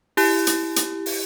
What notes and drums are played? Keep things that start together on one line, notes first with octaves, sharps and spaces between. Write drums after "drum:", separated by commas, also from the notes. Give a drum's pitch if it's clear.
E4 G4, drum: open hi-hat
drum: hi-hat
drum: hi-hat
drum: open hi-hat